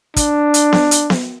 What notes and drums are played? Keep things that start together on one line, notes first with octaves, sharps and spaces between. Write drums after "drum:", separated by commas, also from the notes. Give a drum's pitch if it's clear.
D4, drum: kick, hi-hat
drum: hi-hat
drum: snare B3
drum: hi-hat
drum: snare B3